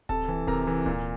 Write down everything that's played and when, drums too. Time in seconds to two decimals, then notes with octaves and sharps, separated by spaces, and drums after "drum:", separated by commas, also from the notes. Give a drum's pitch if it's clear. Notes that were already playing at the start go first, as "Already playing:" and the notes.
0.09 C3 A4 A5, drum: kick D1
0.28 E3
0.47 C3 A#4 A#5, drum: kick D1
0.67 E3
0.86 A#2, drum: kick D1